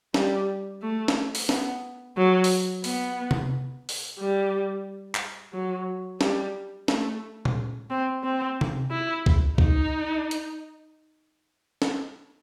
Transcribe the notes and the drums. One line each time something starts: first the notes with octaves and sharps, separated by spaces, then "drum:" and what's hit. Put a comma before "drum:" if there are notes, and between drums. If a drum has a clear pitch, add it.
G3, drum: snare
A3
drum: snare
drum: open hi-hat
B3, drum: snare
F#3
drum: open hi-hat
B3, drum: open hi-hat
drum: tom C3
drum: open hi-hat
G3
drum: clap
F#3
G3, drum: snare
A3, drum: snare
drum: tom A#2
C4
C4
drum: tom C3
E4
drum: kick
D#4, drum: kick
drum: hi-hat
drum: snare